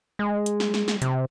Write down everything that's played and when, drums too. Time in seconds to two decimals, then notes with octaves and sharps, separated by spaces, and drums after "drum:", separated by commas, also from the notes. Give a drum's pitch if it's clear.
0.19 G#3
0.46 drum: hi-hat
0.60 drum: snare
0.74 drum: snare
0.88 drum: snare
1.02 C3, drum: hi-hat